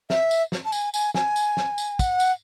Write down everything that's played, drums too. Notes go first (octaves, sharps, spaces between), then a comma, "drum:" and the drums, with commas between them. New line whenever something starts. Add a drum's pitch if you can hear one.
E5, drum: snare
drum: tambourine
drum: snare
A5
G#5, drum: tambourine
G#5, drum: tambourine
G#5, drum: snare
drum: tambourine
drum: snare
drum: tambourine
F#5, drum: kick, tambourine
drum: tambourine